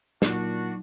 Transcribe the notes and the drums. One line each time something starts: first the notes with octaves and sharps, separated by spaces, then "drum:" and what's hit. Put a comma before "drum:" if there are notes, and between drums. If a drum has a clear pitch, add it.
A#2 F#3 D4 D#4 F#4, drum: snare